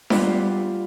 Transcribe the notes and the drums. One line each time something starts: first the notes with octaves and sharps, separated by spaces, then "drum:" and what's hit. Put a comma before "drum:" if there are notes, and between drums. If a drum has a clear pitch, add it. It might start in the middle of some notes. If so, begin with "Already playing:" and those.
G3 B3 F4 B4 D5, drum: snare D4